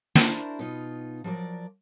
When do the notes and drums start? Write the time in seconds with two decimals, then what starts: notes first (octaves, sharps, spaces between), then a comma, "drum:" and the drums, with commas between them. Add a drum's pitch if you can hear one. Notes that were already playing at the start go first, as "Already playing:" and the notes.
0.15 D4 E4 F#4 A#4 C5 D5, drum: snare
0.59 B2 D#4 F4
1.24 F3 F#3 A#4 C5 D5